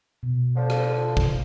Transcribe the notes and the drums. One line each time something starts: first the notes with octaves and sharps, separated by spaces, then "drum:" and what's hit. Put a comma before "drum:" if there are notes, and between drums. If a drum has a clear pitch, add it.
B2
D3 F3
drum: rim click
drum: kick